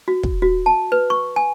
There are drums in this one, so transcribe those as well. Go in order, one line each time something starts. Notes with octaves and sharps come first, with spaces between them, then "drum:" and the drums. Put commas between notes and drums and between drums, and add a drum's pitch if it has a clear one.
F#4
drum: kick
F#4
A5
B4
C#6
G#5